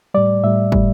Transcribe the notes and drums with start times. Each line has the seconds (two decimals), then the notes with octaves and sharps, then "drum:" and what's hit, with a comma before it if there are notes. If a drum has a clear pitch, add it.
0.14 A2 G3 D5
0.44 A2 G3 E5
0.72 A2 G3, drum: kick